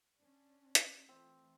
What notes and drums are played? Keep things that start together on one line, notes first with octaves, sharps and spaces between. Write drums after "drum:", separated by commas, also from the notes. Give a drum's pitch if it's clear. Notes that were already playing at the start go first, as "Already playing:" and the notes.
C#4 D4
drum: hi-hat
E3 A3 C4 F4